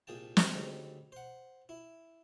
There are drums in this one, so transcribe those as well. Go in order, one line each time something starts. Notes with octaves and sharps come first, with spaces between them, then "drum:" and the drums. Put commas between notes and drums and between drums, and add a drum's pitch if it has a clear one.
C2 A#2 G#4 G5 A5
drum: snare
D2 C#3 G3 C4 D#4
C5 F#5
E4